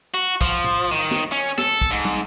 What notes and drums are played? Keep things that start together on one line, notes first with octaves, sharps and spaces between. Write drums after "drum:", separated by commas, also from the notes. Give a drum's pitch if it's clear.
F#4
F3, drum: kick
drum: tom
D#3
drum: snare
C#4
A4, drum: snare
drum: kick
G#2
drum: tom